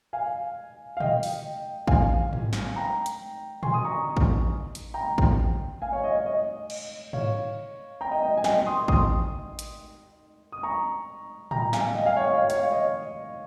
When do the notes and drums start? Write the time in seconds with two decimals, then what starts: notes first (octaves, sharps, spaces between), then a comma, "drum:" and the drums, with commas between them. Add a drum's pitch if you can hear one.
0.13 F5 G#5
0.97 F5
1.00 D#5 G5, drum: tom A#2
1.23 drum: open hi-hat
1.87 F5 G#5, drum: kick A1
2.33 drum: tom G#2
2.53 drum: snare
2.76 G5 A#5
3.06 drum: hi-hat
3.63 G#5 C6, drum: tom A#2
3.74 D#6
3.84 A#5 C#6
4.17 drum: kick A1
4.75 drum: hi-hat
4.94 G5 A#5
5.18 drum: kick A1
5.82 F5 G#5
5.93 C#5
6.04 D#5
6.15 C#5
6.26 D#5
6.70 drum: cymbal
7.13 C#5 F5, drum: tom G#2
8.01 G5 A#5
8.11 D#5 G5
8.23 D#5
8.37 G#5
8.44 D#5 G5, drum: snare
8.66 C6 D#6
8.88 C6 D#6, drum: kick A1
9.59 drum: hi-hat
10.52 D#6
10.63 A#5 C#6
11.51 G5 A#5, drum: tom A2
11.73 F5 G#5, drum: snare
11.95 D#5 G5
12.05 F5 G#5
12.17 C#5 F5
12.28 D#5
12.38 C#5 F5
12.50 C#5 F5, drum: hi-hat
12.60 C#5
12.72 D#5